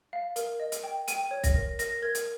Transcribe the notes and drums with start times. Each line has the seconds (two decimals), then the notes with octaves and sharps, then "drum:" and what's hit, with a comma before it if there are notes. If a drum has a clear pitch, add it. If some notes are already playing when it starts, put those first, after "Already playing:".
0.13 F5
0.36 A#4, drum: hi-hat
0.60 D#5
0.72 drum: hi-hat
0.84 G5
1.08 G5 D#7, drum: hi-hat
1.31 C#5
1.44 A#6, drum: kick, hi-hat
1.55 A#4
1.79 A#4 A#6, drum: hi-hat
2.02 A#4 G#6
2.15 drum: hi-hat